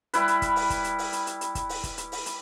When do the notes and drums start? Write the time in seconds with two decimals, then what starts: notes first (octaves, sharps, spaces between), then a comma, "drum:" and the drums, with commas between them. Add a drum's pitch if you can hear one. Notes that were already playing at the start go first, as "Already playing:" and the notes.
0.14 G3 E4 B4, drum: hi-hat
0.28 drum: hi-hat
0.42 drum: kick, hi-hat
0.56 drum: open hi-hat
0.70 drum: kick, hi-hat
0.84 drum: hi-hat
0.99 drum: open hi-hat
1.13 drum: hi-hat
1.27 drum: hi-hat
1.41 drum: hi-hat
1.55 drum: kick, hi-hat
1.69 drum: open hi-hat
1.84 drum: kick, hi-hat
1.98 drum: hi-hat
2.12 drum: open hi-hat
2.26 drum: hi-hat